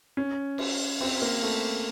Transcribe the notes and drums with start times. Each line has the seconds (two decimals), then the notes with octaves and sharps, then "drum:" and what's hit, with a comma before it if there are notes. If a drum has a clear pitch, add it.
0.17 C#4
0.58 drum: cymbal
1.00 C4, drum: cymbal
1.22 A#3
1.43 A3